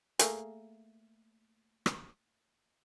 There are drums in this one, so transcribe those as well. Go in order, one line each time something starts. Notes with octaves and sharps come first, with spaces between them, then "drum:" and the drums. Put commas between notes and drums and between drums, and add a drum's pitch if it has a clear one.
A3 A#3 G#4, drum: hi-hat
drum: rim click